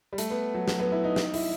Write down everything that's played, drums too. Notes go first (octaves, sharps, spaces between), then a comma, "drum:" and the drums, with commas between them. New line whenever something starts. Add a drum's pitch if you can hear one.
G3
A3, drum: hi-hat
B3
F#3
F#3, drum: snare
B3
E4
D#4
D#4, drum: snare
E4, drum: open hi-hat